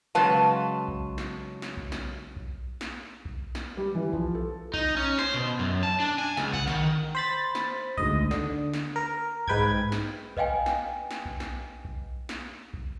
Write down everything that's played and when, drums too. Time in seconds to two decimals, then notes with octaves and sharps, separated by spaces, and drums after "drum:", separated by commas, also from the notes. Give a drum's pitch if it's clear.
0.15 C#3 F#3 G#3 B4 F5 A5
0.88 drum: kick B1
1.18 drum: snare
1.62 drum: snare
1.77 drum: kick B1
1.92 drum: snare
2.36 drum: kick B1
2.81 drum: snare
3.25 drum: kick B1
3.55 drum: snare
3.77 G3
3.95 E3
4.13 F3, drum: kick B1
4.35 A4
4.73 D#4, drum: kick B1
4.97 C#4
5.19 C5, drum: snare
5.34 B2
5.59 F#2
5.83 A5
6.00 D4
6.18 G#5
6.37 C#2, drum: snare
6.53 F#5, drum: kick B1
6.67 D#3, drum: snare
7.15 C5 B5 A6
7.55 drum: snare
7.97 D2 G#2 D#5, drum: kick B1
8.31 D3, drum: snare
8.74 drum: snare
8.96 A#4
9.48 G#2 B4 G5 G#6, drum: kick B1
9.92 drum: snare
10.37 B4 D#5 F5 G5 G#5, drum: kick B1
10.66 drum: snare
11.11 drum: snare
11.25 drum: kick B1
11.40 drum: snare
11.85 drum: kick B1
12.29 drum: snare
12.74 drum: kick B1